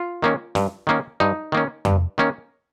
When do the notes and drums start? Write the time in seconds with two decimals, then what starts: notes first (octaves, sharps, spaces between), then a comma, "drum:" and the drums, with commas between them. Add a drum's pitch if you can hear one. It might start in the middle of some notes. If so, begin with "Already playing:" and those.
Already playing: F4
0.22 D#3 A#3 C#4
0.55 G2, drum: snare
0.87 D#3 A#3 C#4
1.20 G2 D#4
1.52 D#3 A#3 C#4
1.85 G2, drum: tom F2
2.18 D#3 A#3 C#4